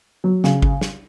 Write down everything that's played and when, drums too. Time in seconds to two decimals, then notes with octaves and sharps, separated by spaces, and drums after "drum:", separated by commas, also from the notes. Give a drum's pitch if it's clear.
0.24 F#3
0.44 C#3, drum: snare
0.62 drum: kick G#1
0.81 drum: snare